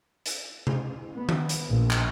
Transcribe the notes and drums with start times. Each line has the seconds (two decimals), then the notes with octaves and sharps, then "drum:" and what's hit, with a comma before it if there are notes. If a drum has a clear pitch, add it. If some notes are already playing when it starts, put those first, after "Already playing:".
0.26 drum: hi-hat
0.67 drum: tom C3
1.16 B3
1.29 drum: tom D#3
1.49 drum: hi-hat
1.70 A#1
1.91 drum: clap